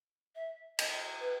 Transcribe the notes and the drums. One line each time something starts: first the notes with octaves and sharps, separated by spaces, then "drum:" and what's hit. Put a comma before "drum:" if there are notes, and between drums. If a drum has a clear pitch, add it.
E5
D#5, drum: cymbal
B4